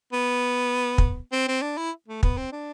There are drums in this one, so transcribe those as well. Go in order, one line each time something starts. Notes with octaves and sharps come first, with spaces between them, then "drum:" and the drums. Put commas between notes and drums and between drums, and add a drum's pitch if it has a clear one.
B3
drum: kick
C4
C4
D4
E4
A3
B3, drum: kick
C4
D4